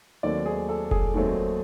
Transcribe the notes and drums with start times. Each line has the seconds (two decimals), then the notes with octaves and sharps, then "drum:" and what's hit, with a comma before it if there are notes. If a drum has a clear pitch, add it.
0.23 D#2 D#3 F#3 A3 C4 D5
0.46 G#4
0.69 A4
0.91 G#4, drum: kick F1
1.14 D#2 D#3 F#3 A3 C4